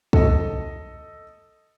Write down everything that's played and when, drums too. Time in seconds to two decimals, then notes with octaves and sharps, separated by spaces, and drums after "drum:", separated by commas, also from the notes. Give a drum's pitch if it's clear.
0.13 A4 D#5, drum: kick B1